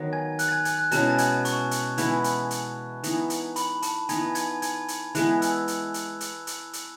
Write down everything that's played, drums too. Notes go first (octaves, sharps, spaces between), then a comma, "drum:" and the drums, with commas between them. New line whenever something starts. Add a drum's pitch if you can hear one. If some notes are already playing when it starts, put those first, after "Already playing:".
Already playing: D#3 F#3 B3
G#5 G#6
F#6, drum: hi-hat
A6
G#5 G#6
G#5 G#6, drum: hi-hat
F#6
B2 G#3 C#4 E4 A5 A6, drum: hi-hat
A6
G#5 G#6, drum: hi-hat
C#6, drum: hi-hat
drum: hi-hat
E3 G#3 B3 E4, drum: hi-hat
drum: hi-hat
drum: hi-hat
E3 B3 D#4 G#4, drum: hi-hat
drum: hi-hat
B5, drum: hi-hat
A5, drum: hi-hat
E3 B3 D#4 G#5 G#6, drum: hi-hat
G#5 G#6, drum: hi-hat
G#5 G#6, drum: hi-hat
drum: hi-hat
E3 G#3 B3 F#6, drum: hi-hat
E6, drum: hi-hat
drum: hi-hat
drum: hi-hat
drum: hi-hat
drum: hi-hat
drum: hi-hat